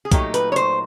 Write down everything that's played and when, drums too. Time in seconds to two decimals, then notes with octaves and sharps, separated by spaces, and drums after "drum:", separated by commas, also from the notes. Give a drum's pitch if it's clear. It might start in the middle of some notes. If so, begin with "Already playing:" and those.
0.05 G#4
0.12 A#2 F#3 A3 D#4 G4, drum: kick, hi-hat
0.34 B4, drum: hi-hat
0.52 C#5
0.56 C5, drum: hi-hat